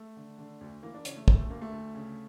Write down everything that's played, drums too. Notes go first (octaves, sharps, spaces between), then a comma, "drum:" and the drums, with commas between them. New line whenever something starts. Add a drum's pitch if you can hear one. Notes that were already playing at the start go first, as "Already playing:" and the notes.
Already playing: A3
D3
D3
D2
E3 A#3
D4
C#3 C#4, drum: hi-hat
A3
D2 A3, drum: kick
A3
D2 A#3
A3
D2
C#3